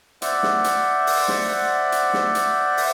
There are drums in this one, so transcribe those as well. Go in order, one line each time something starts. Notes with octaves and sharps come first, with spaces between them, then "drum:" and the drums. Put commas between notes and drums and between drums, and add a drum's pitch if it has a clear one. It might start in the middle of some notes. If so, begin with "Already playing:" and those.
C5 D5 E5 F#5, drum: hi-hat
drum: snare
drum: hi-hat
drum: open hi-hat
drum: snare
drum: hi-hat
drum: snare
drum: hi-hat
drum: open hi-hat